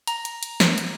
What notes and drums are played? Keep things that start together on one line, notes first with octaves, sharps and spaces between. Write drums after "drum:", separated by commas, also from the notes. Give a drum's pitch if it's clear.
A#5, drum: hi-hat
drum: hi-hat
drum: hi-hat
drum: snare
drum: hi-hat